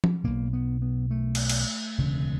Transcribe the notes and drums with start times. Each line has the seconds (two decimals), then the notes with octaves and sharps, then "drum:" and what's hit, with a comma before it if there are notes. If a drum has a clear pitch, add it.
0.04 drum: tom F3
0.24 B1 B2 A#3
0.53 B3
0.82 B3
1.11 A3
1.35 drum: cymbal
1.49 drum: cymbal
1.98 E1 D2 C#3